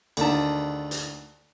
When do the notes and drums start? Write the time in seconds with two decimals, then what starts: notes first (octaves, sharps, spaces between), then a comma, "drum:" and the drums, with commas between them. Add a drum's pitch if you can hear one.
0.17 D2 D#3 A5, drum: cymbal
0.91 drum: hi-hat